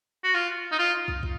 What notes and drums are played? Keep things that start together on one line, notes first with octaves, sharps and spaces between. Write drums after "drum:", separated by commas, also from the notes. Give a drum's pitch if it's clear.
F#4
F4
D#4
F4
drum: kick
drum: kick